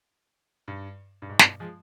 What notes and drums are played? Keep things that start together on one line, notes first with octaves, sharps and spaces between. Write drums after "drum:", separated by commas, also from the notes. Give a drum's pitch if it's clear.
G2
G2
G#2
G2 B2, drum: snare
F3 G#3